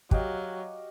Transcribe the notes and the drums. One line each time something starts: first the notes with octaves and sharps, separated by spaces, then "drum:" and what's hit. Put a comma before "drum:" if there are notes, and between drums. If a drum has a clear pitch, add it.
F#3 G4 D#5 F5, drum: kick